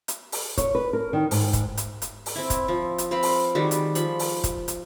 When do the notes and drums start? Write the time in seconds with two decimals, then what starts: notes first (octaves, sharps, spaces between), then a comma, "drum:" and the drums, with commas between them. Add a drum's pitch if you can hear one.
0.08 drum: hi-hat
0.32 drum: open hi-hat
0.57 C#5, drum: kick, hi-hat
0.75 B4
0.93 A#4
1.13 D#3
1.31 G#2, drum: open hi-hat
1.53 drum: kick, hi-hat
1.77 drum: hi-hat
2.02 drum: hi-hat
2.26 drum: open hi-hat
2.35 C4 E4
2.50 drum: kick, hi-hat
2.68 F3
2.98 drum: hi-hat
3.11 C4 B4 F5 B5
3.23 drum: open hi-hat
3.55 D#3 G3 G#3 F#4
3.71 drum: hi-hat
3.95 F3 B5, drum: hi-hat
4.19 drum: open hi-hat
4.44 drum: kick, hi-hat
4.68 drum: hi-hat